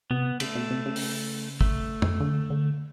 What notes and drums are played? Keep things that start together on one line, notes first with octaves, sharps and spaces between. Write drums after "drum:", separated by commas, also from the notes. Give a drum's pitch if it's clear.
C3 B3
C#3 A3, drum: cymbal
B2
C3
C#3
drum: open hi-hat
A3, drum: kick
drum: tom
D3
D3